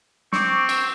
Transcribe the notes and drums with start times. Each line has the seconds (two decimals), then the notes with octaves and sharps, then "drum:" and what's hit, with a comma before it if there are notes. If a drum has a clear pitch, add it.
0.33 C4 C#6 D6, drum: snare
0.69 drum: cymbal